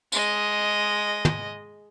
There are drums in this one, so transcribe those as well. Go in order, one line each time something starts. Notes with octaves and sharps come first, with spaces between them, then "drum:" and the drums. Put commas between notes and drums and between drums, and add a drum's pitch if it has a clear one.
G#3 D#5, drum: tambourine
drum: tom